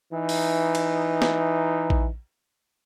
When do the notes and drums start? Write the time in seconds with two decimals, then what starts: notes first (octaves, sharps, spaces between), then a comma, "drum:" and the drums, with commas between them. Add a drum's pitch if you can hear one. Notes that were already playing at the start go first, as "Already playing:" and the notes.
0.13 E3 D#4
0.29 drum: open hi-hat
0.75 drum: cymbal
1.22 drum: snare
1.90 drum: kick A#1